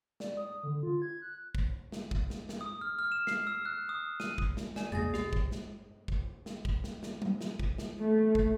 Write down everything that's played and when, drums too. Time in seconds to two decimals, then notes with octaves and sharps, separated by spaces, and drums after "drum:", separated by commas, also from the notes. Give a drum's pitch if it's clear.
0.20 D5, drum: snare
0.37 D#6
0.63 D3
0.83 F4
1.02 G#6
1.22 F#6
1.55 drum: kick
1.92 drum: snare
2.11 drum: kick
2.30 drum: snare
2.49 drum: snare
2.61 D#6
2.81 F6
2.99 F6
3.12 E7
3.27 C7, drum: snare
3.47 E6
3.65 F#6
3.89 D#6
4.20 D#7, drum: snare
4.38 drum: kick
4.57 drum: snare
4.76 D5 G#5, drum: snare
4.92 B1 G#3 A#3 G#4 A6 A#6, drum: tom E2
5.14 B2 G4, drum: snare
5.33 drum: kick
5.52 drum: snare
6.08 drum: kick
6.46 drum: snare
6.65 drum: kick
6.84 drum: snare
7.03 drum: snare
7.22 drum: tom F#3
7.41 drum: snare
7.59 drum: kick
7.78 drum: snare
8.01 A3
8.35 drum: kick